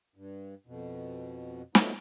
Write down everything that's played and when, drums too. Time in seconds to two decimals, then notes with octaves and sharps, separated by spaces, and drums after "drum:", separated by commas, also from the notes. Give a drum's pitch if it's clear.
0.16 G2
0.67 F2 B2
1.75 F3 F#3 A3 B3 D#4, drum: snare